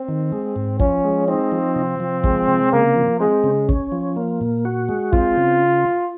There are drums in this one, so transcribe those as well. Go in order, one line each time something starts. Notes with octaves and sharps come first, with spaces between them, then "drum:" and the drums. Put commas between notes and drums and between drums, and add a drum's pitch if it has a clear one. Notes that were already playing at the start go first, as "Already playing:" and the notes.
Already playing: C4
D#3
G#3
G#2
F3 C#4, drum: kick
G#3
C4 D#4
F3
C3
F3
G#3, drum: kick
C3
C#3 A#3
F3
G#3 C4
C#3
C#4, drum: kick
F3
A#3
A#2
F#4
G#3
C4 F4, drum: kick
C#3